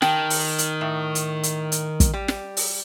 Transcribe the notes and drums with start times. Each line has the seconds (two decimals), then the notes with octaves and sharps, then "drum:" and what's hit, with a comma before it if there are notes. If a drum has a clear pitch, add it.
0.02 D#3 G5 A5, drum: snare
0.30 drum: open hi-hat
0.59 drum: hi-hat
0.81 A2
1.15 drum: hi-hat
1.43 drum: hi-hat
1.72 drum: hi-hat
2.00 drum: kick, hi-hat
2.14 G3
2.28 drum: snare
2.57 drum: open hi-hat